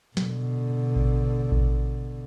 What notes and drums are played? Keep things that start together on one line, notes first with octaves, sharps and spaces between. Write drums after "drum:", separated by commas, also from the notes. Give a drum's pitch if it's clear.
B2 D3, drum: snare
drum: kick A1
drum: kick A1